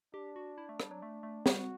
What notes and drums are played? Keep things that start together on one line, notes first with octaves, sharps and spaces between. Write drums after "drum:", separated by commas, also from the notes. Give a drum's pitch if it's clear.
D4 G4
F#4
E4
A3
G3, drum: rim click
F#3
A3
A3
G3 F#4, drum: snare